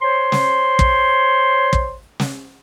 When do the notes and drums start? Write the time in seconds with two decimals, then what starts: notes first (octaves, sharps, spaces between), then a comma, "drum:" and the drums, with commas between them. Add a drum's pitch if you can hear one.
0.01 C5 C#5 C6
0.32 drum: snare
0.79 drum: kick
1.73 drum: kick
2.20 drum: snare